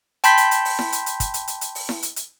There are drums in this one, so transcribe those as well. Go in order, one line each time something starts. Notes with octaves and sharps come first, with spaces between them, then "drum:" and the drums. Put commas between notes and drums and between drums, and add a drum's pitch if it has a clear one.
G5 A5 B5 C6 G6 B6, drum: hi-hat
drum: hi-hat
drum: hi-hat
drum: open hi-hat
drum: snare E4
drum: hi-hat
drum: hi-hat
drum: kick, hi-hat
drum: hi-hat
drum: hi-hat
drum: hi-hat
drum: open hi-hat
drum: snare E4
drum: hi-hat
drum: hi-hat